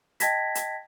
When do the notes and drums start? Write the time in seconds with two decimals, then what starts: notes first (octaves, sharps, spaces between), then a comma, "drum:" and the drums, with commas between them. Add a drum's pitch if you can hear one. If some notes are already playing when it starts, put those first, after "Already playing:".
0.20 D#5 G5 A5 G#6 A#6 B6, drum: hi-hat
0.55 drum: hi-hat